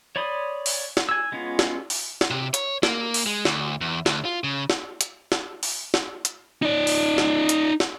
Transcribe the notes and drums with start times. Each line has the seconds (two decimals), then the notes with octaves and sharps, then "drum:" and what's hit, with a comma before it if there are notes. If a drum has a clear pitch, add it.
0.16 C#5 D5 B5 C6 D#6
0.66 drum: open hi-hat
0.97 drum: snare
1.09 G#5 E6
1.32 G#3 B3 C#4 F4
1.59 drum: snare
1.90 drum: open hi-hat
2.21 drum: snare
2.31 C3
2.54 C#5, drum: hi-hat
2.83 A#3, drum: snare
3.14 drum: open hi-hat
3.26 G#3
3.45 D2, drum: snare
3.81 E2
4.06 D2, drum: snare
4.25 F4
4.44 C#3
4.70 drum: snare
5.01 drum: hi-hat
5.32 drum: snare
5.63 drum: open hi-hat
5.94 drum: snare
6.25 drum: hi-hat
6.62 D#4 D5
6.87 drum: open hi-hat
7.18 drum: snare
7.49 drum: hi-hat
7.80 drum: snare